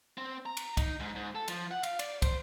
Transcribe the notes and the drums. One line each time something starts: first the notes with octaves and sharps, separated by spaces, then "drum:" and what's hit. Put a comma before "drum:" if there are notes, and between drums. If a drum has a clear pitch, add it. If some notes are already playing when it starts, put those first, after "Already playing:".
C4
A#5
drum: cymbal
D#4, drum: kick, cymbal
G#2
G#2
A4
F3, drum: cymbal
F#5
F5, drum: cymbal
D5, drum: cymbal
C5, drum: kick, cymbal